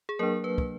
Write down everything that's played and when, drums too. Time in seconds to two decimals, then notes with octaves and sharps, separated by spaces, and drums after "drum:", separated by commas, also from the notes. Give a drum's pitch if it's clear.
0.09 G#4
0.19 F#3 A#3 D4 A#4
0.44 B4
0.58 drum: kick